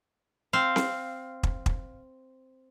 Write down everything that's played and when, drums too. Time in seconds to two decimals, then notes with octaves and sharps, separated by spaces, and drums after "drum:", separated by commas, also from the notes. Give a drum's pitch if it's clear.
0.53 C4 F5
0.76 drum: snare C4
1.43 drum: kick
1.66 drum: kick